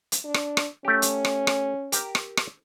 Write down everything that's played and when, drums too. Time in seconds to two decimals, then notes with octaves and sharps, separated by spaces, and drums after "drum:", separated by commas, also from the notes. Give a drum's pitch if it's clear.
0.12 drum: hi-hat
0.24 D4
0.34 drum: rim click
0.57 drum: rim click
0.85 A3 C#4 G4
1.02 drum: hi-hat
1.25 drum: rim click
1.47 drum: rim click
1.92 G4 A#4, drum: hi-hat
2.15 drum: rim click
2.37 drum: rim click